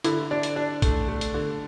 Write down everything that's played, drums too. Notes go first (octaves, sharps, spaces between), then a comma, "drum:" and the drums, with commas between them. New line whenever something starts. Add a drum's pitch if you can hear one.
D3 E4, drum: hi-hat
D4
drum: hi-hat
D4
A3, drum: kick A1, hi-hat
A3
drum: hi-hat
D3